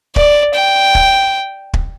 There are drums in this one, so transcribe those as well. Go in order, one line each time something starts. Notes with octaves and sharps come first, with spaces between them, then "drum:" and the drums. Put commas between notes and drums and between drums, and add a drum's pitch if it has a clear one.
D5, drum: kick
G5
drum: kick
drum: kick